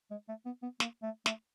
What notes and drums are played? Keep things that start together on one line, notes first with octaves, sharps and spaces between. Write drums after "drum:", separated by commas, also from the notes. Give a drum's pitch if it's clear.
G#3
A3
B3
B3
A#3, drum: snare
A3
A3, drum: snare